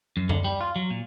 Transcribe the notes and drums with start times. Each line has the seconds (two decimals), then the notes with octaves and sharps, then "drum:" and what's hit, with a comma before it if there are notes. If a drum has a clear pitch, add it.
0.17 F#2
0.29 D3, drum: tom F#2
0.44 G3
0.61 F4
0.76 F#3
0.90 A#2